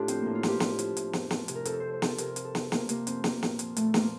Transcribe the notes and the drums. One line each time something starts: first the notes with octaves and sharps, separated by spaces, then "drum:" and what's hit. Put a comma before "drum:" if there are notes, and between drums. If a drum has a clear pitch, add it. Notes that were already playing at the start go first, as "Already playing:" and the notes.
Already playing: A2 D4 F4 G4 A4
F3 C4, drum: hi-hat
A2 A#3
F4
F3 G4, drum: snare
A2, drum: snare
F3, drum: hi-hat
A2, drum: hi-hat
F2, drum: snare
F3, drum: snare
C3, drum: hi-hat
A#4
F2 A4, drum: hi-hat
F2 C5
C5
F3 A4, drum: snare
C3 A#4, drum: hi-hat
F2, drum: hi-hat
A4
F2, drum: snare
F3 A#3, drum: snare
C3 A#3, drum: hi-hat
F2 C4, drum: hi-hat
F3 A#3, drum: snare
A#2, drum: snare
F3, drum: hi-hat
A#2 A3, drum: hi-hat
F3 A#3, drum: snare